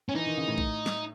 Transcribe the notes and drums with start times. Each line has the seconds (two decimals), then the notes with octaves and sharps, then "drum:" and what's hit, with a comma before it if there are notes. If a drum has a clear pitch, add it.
0.09 C#4
0.15 E3 D#4
0.26 D#3
0.37 C#3
0.48 A2
0.58 drum: kick A#1
0.86 drum: snare